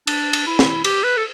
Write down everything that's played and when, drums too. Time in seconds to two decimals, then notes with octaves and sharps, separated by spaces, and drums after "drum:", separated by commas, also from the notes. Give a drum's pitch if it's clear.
0.07 D4, drum: cymbal
0.33 drum: cymbal
0.46 E4
0.59 drum: snare
0.84 G4, drum: cymbal
1.03 B4
1.17 A4